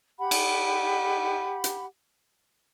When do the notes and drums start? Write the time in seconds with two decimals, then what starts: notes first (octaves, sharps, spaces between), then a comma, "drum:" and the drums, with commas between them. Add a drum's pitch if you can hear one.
0.19 G4 F#5 B5
0.31 drum: cymbal
1.64 drum: hi-hat